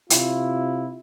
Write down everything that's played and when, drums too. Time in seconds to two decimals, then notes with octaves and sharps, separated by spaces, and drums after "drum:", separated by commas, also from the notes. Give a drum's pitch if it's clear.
0.10 C3 E4 F4, drum: hi-hat